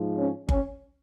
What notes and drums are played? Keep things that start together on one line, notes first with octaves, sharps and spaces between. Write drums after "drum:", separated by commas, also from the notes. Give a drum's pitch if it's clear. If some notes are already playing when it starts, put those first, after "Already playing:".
Already playing: G#2 F3
C#4
C#4, drum: kick G1